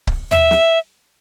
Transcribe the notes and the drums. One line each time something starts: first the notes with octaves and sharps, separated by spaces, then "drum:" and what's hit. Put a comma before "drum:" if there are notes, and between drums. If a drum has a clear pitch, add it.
drum: kick C#1
E5, drum: tom D#2
drum: snare